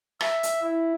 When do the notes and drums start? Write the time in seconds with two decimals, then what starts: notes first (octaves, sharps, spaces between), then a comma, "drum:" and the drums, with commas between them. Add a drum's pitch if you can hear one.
0.21 E5, drum: rim click
0.43 drum: hi-hat
0.61 E4